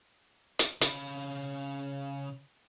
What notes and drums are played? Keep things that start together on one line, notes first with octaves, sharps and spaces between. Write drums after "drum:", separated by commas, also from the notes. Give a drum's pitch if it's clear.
drum: hi-hat
C#3 B5, drum: hi-hat